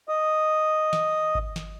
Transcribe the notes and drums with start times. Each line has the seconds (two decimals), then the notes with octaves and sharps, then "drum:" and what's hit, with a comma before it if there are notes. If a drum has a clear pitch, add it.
0.09 D#5 D#6
0.93 drum: snare
1.35 drum: kick G#1
1.56 drum: snare